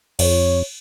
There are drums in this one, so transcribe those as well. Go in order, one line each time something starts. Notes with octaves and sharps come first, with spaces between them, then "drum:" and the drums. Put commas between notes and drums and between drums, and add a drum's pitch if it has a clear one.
F2 C#5, drum: cymbal